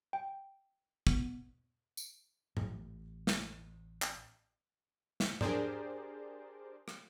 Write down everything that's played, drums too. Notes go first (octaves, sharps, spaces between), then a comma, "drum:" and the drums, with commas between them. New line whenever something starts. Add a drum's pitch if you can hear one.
G5
B3, drum: kick
drum: tambourine
A1 A2, drum: tom G#2
drum: snare
drum: clap
drum: snare
D4 G4 G#4 A#4 C5 D5, drum: tom G#2
drum: rim click